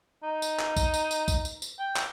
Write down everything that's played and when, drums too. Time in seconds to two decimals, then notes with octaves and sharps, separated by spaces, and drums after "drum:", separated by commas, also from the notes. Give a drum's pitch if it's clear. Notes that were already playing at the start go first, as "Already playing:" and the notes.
0.24 D#4
0.42 drum: tambourine
0.59 drum: clap
0.76 drum: kick, tambourine
0.94 drum: tambourine
1.11 drum: tambourine
1.28 drum: kick, tambourine
1.45 drum: tambourine
1.62 drum: tambourine
1.79 G5
1.96 drum: clap